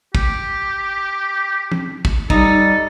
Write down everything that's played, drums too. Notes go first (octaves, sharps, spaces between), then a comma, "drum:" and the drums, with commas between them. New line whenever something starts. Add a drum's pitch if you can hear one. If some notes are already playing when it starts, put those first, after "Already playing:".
G4, drum: kick
drum: tom
drum: kick
G3 D#4 A4, drum: kick